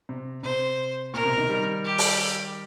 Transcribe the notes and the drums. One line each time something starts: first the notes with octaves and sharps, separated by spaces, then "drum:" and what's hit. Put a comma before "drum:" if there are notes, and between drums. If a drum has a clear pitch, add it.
C3
C3 C5
A#2 A#4
C3
C3 D#3
D#3 G3
G4
drum: open hi-hat